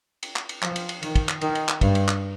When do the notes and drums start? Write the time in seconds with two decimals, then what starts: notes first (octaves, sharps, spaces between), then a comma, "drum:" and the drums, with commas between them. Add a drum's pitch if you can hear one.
0.23 drum: cymbal
0.36 drum: clap
0.49 drum: cymbal
0.62 F3, drum: clap
0.76 drum: cymbal
0.89 drum: cymbal
1.03 D#3, drum: cymbal
1.15 drum: kick, cymbal
1.29 drum: clap
1.41 D#3, drum: cymbal
1.55 drum: cymbal
1.69 drum: clap
1.81 G2, drum: kick, cymbal
1.95 drum: cymbal
2.08 drum: clap